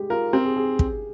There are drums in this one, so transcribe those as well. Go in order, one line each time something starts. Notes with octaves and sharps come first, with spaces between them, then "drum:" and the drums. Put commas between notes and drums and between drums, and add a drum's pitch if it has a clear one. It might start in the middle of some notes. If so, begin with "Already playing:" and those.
Already playing: G3 G#3 G4
F4 A#4
C4 G4
G#4
G#4
drum: kick